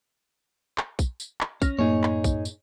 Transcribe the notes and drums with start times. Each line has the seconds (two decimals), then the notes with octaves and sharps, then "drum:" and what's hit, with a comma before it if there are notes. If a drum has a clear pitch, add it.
0.78 drum: clap
0.99 drum: kick, tambourine
1.20 drum: tambourine
1.41 drum: clap
1.62 C#4 F6 A#6, drum: kick, tambourine
1.79 F#2 A2 A#3 D#4 G#4 C#5
2.03 drum: clap
2.24 drum: kick, tambourine
2.45 drum: tambourine